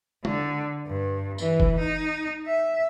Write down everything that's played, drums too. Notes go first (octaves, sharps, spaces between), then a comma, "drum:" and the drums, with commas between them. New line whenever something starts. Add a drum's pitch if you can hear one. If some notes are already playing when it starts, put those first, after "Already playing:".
D3, drum: tom
G2
E3, drum: tambourine
drum: kick F#1
D#4
E5